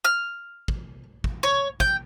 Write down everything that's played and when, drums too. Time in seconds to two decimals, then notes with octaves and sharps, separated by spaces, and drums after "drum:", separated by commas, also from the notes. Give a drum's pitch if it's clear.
0.05 F6
0.68 drum: kick
1.24 drum: kick
1.43 C#5
1.80 G5, drum: kick